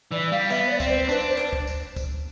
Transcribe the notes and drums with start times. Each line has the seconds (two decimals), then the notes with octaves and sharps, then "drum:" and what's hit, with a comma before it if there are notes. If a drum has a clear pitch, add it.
0.12 E3 D5
0.31 G3 F5
0.50 B3 E5, drum: tambourine
0.66 C5
0.70 D5
0.80 C4, drum: kick, tambourine
0.89 C5
1.09 D4 B4, drum: tambourine
1.28 C5
1.38 drum: clap
1.53 drum: kick
1.67 drum: tambourine
1.96 drum: kick, tambourine